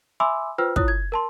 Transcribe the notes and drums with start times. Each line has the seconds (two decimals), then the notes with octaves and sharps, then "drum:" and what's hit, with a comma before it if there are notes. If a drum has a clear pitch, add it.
0.20 E5 G#5 B5 C6 D6 E6
0.58 F4 B4 C5 G5 E6 F6
0.76 E4 F4 C#5 D#6 F#6, drum: kick
0.88 G#6
1.12 A#4 A5 C6